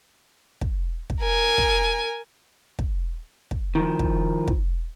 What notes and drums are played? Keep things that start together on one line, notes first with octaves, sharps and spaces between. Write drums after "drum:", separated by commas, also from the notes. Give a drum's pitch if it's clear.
drum: kick
drum: kick
A#4 G#5
drum: kick
drum: kick
drum: kick
D#3 F3
drum: kick
drum: kick